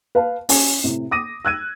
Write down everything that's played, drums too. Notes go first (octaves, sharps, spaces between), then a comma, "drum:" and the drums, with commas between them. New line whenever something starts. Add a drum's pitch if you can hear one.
B4 F5 A5
C#4 G#5, drum: open hi-hat
A2 C3
D6 D#6 A#6 D#7
E6 F#6 G#6 D#7